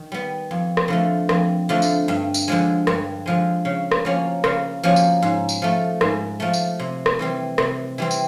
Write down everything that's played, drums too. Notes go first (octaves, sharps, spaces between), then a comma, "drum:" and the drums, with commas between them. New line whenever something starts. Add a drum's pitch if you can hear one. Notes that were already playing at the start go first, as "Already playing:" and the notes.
Already playing: D#3
G3 B3
F2
drum: rim click
D3 F3 A3
F2, drum: rim click
D3 F3 A3
drum: tambourine
G2
drum: tambourine
D3 F3 G#3
G2, drum: rim click
D3 F3 G#3
C#3
drum: rim click
F3 A#3 C#4 F#4
C#3, drum: rim click
F3 A#3 C#4 F#4
drum: tambourine
G#2
drum: tambourine
F3 A3
G#2, drum: rim click
F3 A3
drum: tambourine
C3
drum: rim click
E3 G3 C4
C3, drum: rim click
E3 G3 C4
drum: tambourine